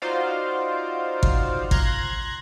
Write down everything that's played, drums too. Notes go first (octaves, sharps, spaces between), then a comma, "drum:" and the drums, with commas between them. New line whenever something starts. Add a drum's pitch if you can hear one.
D#4 F4 F#4 C5 D5 F5
drum: kick G#1
A#5 C6 F#6 G#6 A#6, drum: kick G#1